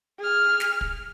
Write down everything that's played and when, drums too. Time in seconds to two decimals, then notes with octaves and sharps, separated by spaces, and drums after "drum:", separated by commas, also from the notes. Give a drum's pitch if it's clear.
0.19 G#4 F6
0.60 drum: snare
0.81 drum: kick